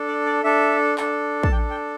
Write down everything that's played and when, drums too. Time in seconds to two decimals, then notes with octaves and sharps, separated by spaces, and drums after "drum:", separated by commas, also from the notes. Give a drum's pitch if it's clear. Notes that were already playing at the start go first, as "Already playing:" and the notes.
Already playing: D4 A4
0.08 D5
0.26 D5
0.44 D4 A4 E5
0.98 D4 A4, drum: clap
1.43 A5, drum: kick
1.52 D4 A4 G5
1.70 G5